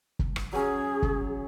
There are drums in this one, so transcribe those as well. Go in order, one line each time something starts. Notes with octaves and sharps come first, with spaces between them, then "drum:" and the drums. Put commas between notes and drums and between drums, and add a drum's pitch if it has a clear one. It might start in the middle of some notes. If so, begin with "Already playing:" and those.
drum: kick
drum: rim click
F#3 C#4 G#4
drum: kick